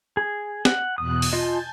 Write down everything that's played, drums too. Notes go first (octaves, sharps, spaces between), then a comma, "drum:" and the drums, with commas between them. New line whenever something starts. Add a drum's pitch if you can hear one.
G#4
F#5, drum: snare
E2 B2 D#6 F#6
drum: open hi-hat
F4 D#5 G#5 A5 G6